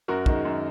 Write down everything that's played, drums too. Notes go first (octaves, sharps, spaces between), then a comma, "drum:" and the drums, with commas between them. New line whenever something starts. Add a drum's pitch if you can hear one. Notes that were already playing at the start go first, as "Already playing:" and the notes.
F#2 F#4 A#4
D#3 G#3, drum: kick
F#2